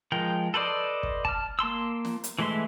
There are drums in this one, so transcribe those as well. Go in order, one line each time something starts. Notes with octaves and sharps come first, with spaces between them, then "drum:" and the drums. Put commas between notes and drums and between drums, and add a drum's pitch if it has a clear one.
F3 G#3 A#4 G5
A4 B4 C5 D5 D#5
drum: kick
A5 F6, drum: kick
A#3 A5 C6 E6
drum: snare
drum: hi-hat
E3 G#3 A3 E5 C6